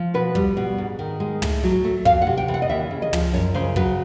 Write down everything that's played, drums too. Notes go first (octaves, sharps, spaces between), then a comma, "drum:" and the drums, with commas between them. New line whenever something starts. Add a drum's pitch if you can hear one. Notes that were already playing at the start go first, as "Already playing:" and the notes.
Already playing: F3
B2 B4
G3, drum: kick
B2
G#2
D#3
G#3
A2, drum: tom
F#3
A3
F2 F5, drum: kick
F#5
C3
G5
E3
F#5
D#5
D#2 E5
C#3
D#5
F3, drum: tom
F#2 C#5
C#3 C5
F#3 B4, drum: kick